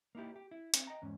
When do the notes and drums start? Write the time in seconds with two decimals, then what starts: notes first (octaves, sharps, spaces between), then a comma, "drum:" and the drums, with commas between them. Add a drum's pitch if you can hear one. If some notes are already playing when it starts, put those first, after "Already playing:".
0.15 A#3 D#4 E4 G4
0.36 G4
0.51 E4
0.74 C4, drum: hi-hat
0.87 D#5 G5 A#5
1.02 E2 G#2 C#4